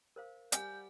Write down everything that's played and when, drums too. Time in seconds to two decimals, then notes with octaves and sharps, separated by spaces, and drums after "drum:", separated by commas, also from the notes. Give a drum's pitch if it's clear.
0.16 A#4 C5 F5
0.52 G3 F#5 G#5 G6, drum: hi-hat